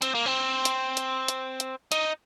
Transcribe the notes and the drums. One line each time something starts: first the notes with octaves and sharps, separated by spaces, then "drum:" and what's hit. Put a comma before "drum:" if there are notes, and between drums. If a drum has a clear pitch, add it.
C4, drum: hi-hat
A#3
C4
drum: hi-hat
drum: hi-hat
drum: hi-hat
drum: hi-hat
D#4, drum: hi-hat